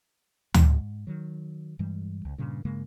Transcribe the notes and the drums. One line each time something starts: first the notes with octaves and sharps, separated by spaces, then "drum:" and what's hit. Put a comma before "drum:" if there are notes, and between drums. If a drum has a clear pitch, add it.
G#2, drum: tom D2
D#3 F#3
G2 E3 G3 G#3
C#2
G2 A#2 C#3
G2 C#3 G#3 A#3